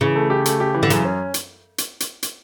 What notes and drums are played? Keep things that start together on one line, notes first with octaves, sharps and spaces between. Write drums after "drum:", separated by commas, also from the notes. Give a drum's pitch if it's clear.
C#3 E3
A3
G4
A3, drum: hi-hat
G4
E3
D3
F#2 C#3, drum: hi-hat
C#4
drum: hi-hat
drum: hi-hat
drum: hi-hat
drum: hi-hat